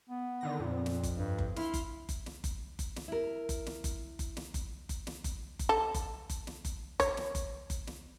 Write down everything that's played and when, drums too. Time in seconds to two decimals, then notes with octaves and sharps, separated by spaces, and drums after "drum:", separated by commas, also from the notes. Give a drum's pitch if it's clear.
0.10 B3
0.41 D3 D#3 A#6
0.60 F2 A#2
0.86 drum: snare
1.03 drum: kick F#1, hi-hat
1.16 G2
1.39 drum: kick F#1
1.56 E4 C6 F6, drum: snare
1.74 drum: kick F#1, hi-hat
2.09 drum: kick F#1, hi-hat
2.26 drum: snare
2.44 drum: kick F#1, hi-hat
2.79 drum: kick F#1, hi-hat
2.96 drum: snare
3.08 E4 A#4
3.49 drum: kick F#1, hi-hat
3.66 drum: snare
3.84 drum: kick F#1, hi-hat
4.19 drum: kick F#1, hi-hat
4.37 drum: snare
4.54 drum: kick F#1, hi-hat
4.89 drum: kick F#1, hi-hat
5.07 drum: snare
5.24 drum: kick F#1, hi-hat
5.59 drum: kick F#1, hi-hat
5.69 A4
5.94 drum: kick F#1, hi-hat
6.29 drum: kick F#1, hi-hat
6.47 drum: snare
6.65 drum: kick F#1, hi-hat
7.00 C#5, drum: kick F#1, hi-hat
7.17 drum: snare
7.35 drum: kick F#1, hi-hat
7.70 drum: kick F#1, hi-hat
7.87 drum: snare